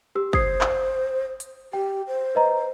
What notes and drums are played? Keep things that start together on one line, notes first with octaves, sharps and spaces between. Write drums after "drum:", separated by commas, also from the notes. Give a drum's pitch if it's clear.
G4 E6
C5 D#6 G#6 C7, drum: kick
drum: clap
drum: hi-hat
G4 G5
C5
B4 D#5 A#5